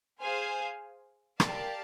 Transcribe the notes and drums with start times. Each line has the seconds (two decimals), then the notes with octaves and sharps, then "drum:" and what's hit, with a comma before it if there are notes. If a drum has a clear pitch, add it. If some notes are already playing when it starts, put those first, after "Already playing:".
0.22 G#4 C5 F5 G#5
1.40 G4 A#4 D5 F5 A5, drum: rim click